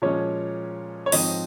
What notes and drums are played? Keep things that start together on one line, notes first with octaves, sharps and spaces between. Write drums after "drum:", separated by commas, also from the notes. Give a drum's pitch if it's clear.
A#2 F3 G#3 C#4 C#5
C#5
G#2 F3 C4 D#4 D#5, drum: open hi-hat